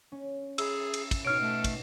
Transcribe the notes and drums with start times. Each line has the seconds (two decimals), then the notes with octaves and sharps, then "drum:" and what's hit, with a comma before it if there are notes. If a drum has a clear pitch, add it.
0.12 C#4
0.58 G#4 E5 A#5 B5 E6, drum: cymbal
0.94 drum: cymbal
1.11 drum: kick, cymbal
1.25 B2 D#4 C#5 F6 D7
1.41 A3
1.64 drum: kick, cymbal